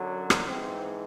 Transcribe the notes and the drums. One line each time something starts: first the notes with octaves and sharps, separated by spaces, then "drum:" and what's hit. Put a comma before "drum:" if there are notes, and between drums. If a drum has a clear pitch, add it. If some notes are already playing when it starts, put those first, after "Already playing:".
Already playing: F#2 D3 F#3
drum: rim click
G#2 E3 C4